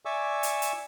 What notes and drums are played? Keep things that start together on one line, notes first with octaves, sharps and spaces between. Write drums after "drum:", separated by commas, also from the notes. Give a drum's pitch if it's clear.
D5 E5 G#5 C#6 D6 E6
drum: hi-hat
drum: hi-hat